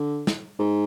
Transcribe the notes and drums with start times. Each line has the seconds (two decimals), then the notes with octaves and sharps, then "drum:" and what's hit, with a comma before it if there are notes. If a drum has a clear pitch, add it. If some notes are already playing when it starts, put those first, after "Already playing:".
Already playing: D3
0.27 drum: snare
0.59 G#2